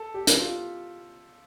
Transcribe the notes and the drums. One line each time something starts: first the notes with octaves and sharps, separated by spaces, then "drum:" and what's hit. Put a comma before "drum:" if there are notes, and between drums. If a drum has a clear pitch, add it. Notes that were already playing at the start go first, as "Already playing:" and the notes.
Already playing: A4
G4
drum: hi-hat
F4